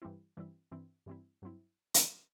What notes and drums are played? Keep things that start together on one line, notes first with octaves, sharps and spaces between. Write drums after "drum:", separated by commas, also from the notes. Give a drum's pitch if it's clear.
G2 E3 G3 C4 E4
G2 E3 G3 C4 E4
G2 E3 G3 C4 E4
G2 E3 G3 C4 E4
G2 F#3 C4 E4
drum: hi-hat